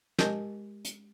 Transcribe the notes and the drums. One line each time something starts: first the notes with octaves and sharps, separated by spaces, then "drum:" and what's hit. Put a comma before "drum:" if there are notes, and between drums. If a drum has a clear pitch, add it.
G#3 G4 A#4 D#5 A5 G6, drum: snare
drum: hi-hat